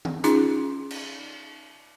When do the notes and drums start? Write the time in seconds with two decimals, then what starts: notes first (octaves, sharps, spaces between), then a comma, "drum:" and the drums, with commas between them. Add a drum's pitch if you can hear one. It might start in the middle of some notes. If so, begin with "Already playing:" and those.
0.05 drum: tom D#3
0.24 C#4 D#4 F4 G#4, drum: hi-hat
0.91 drum: cymbal